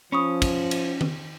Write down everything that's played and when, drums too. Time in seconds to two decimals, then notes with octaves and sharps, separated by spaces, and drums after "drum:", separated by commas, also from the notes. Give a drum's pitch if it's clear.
0.12 F3 C#4 B5 C#6 D#6
0.42 drum: kick, cymbal
0.71 drum: cymbal
1.01 drum: tom D#3